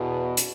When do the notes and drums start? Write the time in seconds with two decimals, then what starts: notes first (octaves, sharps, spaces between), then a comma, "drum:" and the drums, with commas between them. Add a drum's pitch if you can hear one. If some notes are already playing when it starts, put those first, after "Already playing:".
Already playing: E2 B2
0.37 drum: hi-hat